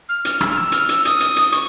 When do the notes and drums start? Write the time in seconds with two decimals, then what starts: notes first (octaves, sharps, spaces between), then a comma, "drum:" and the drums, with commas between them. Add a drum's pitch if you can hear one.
0.08 F6
0.25 F6, drum: hi-hat
0.41 E6, drum: rim click
0.49 F6
0.56 E6
0.72 F6, drum: hi-hat
0.89 E6, drum: hi-hat
1.05 D#6, drum: hi-hat
1.20 drum: hi-hat
1.36 drum: hi-hat
1.52 C#6, drum: hi-hat